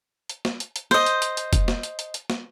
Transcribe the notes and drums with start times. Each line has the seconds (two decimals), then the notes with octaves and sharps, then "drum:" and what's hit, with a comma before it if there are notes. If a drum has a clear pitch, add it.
0.29 drum: hi-hat
0.45 drum: snare
0.60 drum: hi-hat
0.76 drum: hi-hat
0.91 C5 D#5, drum: snare
1.06 drum: hi-hat
1.22 drum: hi-hat
1.37 drum: hi-hat
1.53 drum: kick F1, hi-hat
1.68 drum: snare
1.83 drum: hi-hat
1.99 drum: hi-hat
2.14 drum: hi-hat
2.30 drum: snare